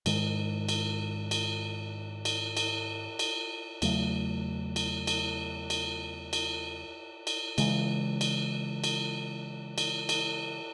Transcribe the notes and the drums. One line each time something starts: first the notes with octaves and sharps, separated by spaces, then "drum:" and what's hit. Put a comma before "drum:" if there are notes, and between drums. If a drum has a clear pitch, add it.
G#2 D#3 G#3, drum: cymbal
drum: cymbal
drum: cymbal
drum: cymbal
drum: cymbal
drum: cymbal
E2 C#3 F#3 A3, drum: cymbal
drum: cymbal
drum: cymbal
drum: cymbal
drum: cymbal
drum: cymbal
C#3 E3 G#3, drum: cymbal
drum: cymbal
drum: cymbal
drum: cymbal
drum: cymbal